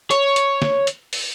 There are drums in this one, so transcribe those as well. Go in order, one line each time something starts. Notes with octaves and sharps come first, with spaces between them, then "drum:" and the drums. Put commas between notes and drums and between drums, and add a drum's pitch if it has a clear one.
C#5, drum: hi-hat
drum: hi-hat
drum: snare
drum: hi-hat
drum: open hi-hat